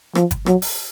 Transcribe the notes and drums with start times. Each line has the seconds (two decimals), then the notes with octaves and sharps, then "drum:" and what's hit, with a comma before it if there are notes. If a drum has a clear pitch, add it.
0.15 F3, drum: rim click
0.31 drum: kick G1, hi-hat
0.46 F#3, drum: rim click
0.62 drum: open hi-hat